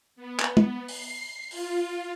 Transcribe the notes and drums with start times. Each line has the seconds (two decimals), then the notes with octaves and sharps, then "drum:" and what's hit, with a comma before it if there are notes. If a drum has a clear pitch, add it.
0.16 B3
0.40 drum: clap
0.57 drum: tom
0.88 C7, drum: open hi-hat
1.51 F4, drum: open hi-hat